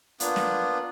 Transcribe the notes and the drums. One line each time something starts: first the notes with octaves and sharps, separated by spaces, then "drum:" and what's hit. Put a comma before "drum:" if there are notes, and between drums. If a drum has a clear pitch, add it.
A#3 B3 D4 F4, drum: hi-hat
drum: snare